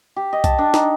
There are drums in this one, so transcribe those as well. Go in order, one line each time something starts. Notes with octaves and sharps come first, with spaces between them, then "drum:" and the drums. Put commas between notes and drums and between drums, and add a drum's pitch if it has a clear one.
G4
D#5
A5, drum: kick, hi-hat
D4
D#4, drum: snare